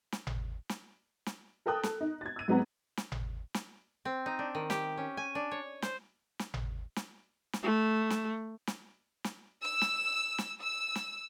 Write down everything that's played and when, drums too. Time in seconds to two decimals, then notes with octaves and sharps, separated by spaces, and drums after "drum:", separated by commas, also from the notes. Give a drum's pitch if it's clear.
0.12 drum: snare
0.27 drum: tom G#1
0.69 drum: snare
1.26 drum: snare
1.66 A4 A#4 G5 A5 D#6 F#6
1.83 A4, drum: snare
2.01 D#4
2.21 G#6 A6
2.36 E6 D#7
2.48 G#2 F#3 B3 C4 F#5 A#5
2.97 drum: snare
3.12 drum: tom G#1
3.54 drum: snare
4.05 C4
4.26 D#4
4.39 D4
4.55 D#3
4.70 G4, drum: snare
4.97 C#4
5.17 G#5
5.35 D4
5.51 C#5
5.82 C5, drum: snare
6.39 drum: snare
6.54 drum: tom G#1
6.96 drum: snare
7.53 drum: snare
7.63 A3
8.10 drum: snare
8.67 drum: snare
9.24 drum: snare
9.62 E6
9.81 drum: snare
10.38 drum: snare
10.61 E6
10.95 drum: snare